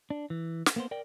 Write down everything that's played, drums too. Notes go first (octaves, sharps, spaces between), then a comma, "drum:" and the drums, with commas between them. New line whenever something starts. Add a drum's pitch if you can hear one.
D4
E3
drum: snare
A#3 B3 C5
A#4 D5 G5